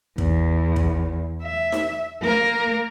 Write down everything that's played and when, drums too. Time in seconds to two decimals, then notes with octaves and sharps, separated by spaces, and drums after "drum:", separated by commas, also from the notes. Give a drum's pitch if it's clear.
0.18 E2, drum: kick
0.76 drum: kick
1.43 E5
1.72 drum: snare D#4
2.22 A#3 A#4